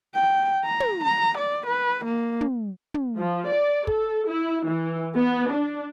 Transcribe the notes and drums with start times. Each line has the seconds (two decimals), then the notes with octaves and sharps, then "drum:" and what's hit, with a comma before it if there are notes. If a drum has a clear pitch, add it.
0.15 G5
0.65 A#5
0.80 drum: tom
1.04 A#5
1.38 D5
1.67 B4
2.05 A#3
2.41 drum: tom
2.94 drum: tom
3.18 F3
3.49 D5
3.87 A4, drum: kick
4.28 E4
4.68 E3
5.17 B3
5.53 D4